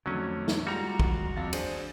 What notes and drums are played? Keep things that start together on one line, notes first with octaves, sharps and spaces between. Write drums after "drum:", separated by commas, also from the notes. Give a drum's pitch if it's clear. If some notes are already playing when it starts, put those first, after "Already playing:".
F2 D3 D#3 F#3 A3 C#4
drum: snare
G3 G#3 F4 F#4 A#5
D#2 D#3 F#3, drum: kick
F2 F5 A6
D4 G#4 C5, drum: cymbal